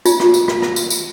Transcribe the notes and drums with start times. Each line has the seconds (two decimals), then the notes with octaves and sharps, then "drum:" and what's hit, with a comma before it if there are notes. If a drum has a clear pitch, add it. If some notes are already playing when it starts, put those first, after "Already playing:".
0.05 F4, drum: tambourine
0.20 drum: rim click
0.34 drum: tambourine
0.48 drum: rim click
0.62 drum: rim click
0.76 drum: tambourine
0.90 drum: tambourine